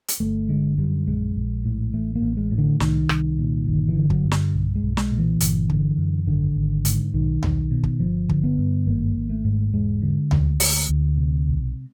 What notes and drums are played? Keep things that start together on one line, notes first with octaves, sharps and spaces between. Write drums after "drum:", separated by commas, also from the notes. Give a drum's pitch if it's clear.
drum: hi-hat
G1 A3
D3 G#3
F#2 G3
A#1 G#3
A#1
A2
A1 A3
A#3
A1
G#3
A2
D3
C2 D#3, drum: snare
C2, drum: rim click
A#2
G1 D#3
E3
D3
F#3, drum: kick
G2
G3, drum: snare
B1
G#3
B1
G#3, drum: snare
A#2
E3
G1, drum: hi-hat
D3, drum: kick
F#2
G#1 D3
G#1
G#2, drum: hi-hat
B1 D#3
B1, drum: tom D#2
B2
drum: kick
G1 F3
D3, drum: kick
B3
G2
G#1 A#3
G#1
A3
G#2
E1 G#3
D3
D2, drum: tom D#2
D2, drum: open hi-hat
D2
C3
B1